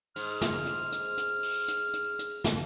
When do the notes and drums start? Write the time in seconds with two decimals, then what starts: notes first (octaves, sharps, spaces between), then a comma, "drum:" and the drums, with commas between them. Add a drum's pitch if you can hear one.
0.16 G#2 F6, drum: open hi-hat
0.41 drum: snare
0.67 drum: hi-hat
0.92 drum: hi-hat
1.17 drum: hi-hat
1.43 drum: open hi-hat
1.68 drum: hi-hat
1.94 drum: hi-hat
2.19 drum: hi-hat
2.44 drum: snare